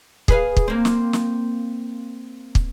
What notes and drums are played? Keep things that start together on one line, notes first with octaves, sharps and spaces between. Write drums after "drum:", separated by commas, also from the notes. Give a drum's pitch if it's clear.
G#4 B4 F5, drum: kick
drum: kick
A#3 C4
drum: snare
drum: snare
drum: kick